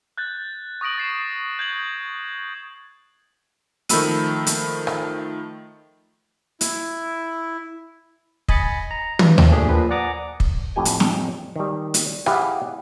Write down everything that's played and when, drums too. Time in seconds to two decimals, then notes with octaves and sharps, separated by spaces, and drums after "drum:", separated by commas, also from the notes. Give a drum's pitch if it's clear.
0.17 F#6 G6 A6
0.81 C#6 D#6 A#6 D7 F#7
0.98 A6 C7 E7
1.59 G6 G#6 F#7
3.89 D#3 F3 A3 B5 E6 D#7, drum: hi-hat
4.47 drum: hi-hat
4.87 drum: rim click
6.61 E4, drum: hi-hat
8.49 D#5 G#5 B5 A6 C#7, drum: kick
8.91 A#5
9.19 G2, drum: tom
9.38 drum: tom D#2
9.52 A#2 A3 D4 G4 G#4
9.69 A#2 F3 B4
9.91 D5 F#5 G#5 A#5 D6 D#6
10.40 drum: kick
10.76 F2 A2 G4 G5 G#5
10.85 drum: hi-hat
11.00 drum: snare
11.56 D#3 G3
11.94 drum: hi-hat
12.26 E4 G4 G#4 F5 F#5, drum: rim click